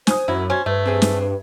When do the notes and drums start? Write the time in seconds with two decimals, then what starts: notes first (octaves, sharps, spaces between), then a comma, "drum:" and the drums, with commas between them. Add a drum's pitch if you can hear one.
0.07 C5 G#5 D#6, drum: snare
0.28 F#2 F#3 E4
0.50 C#4 F#4 C5 G#6
0.66 G2 A3 B4
0.86 C4 G#4
1.02 drum: snare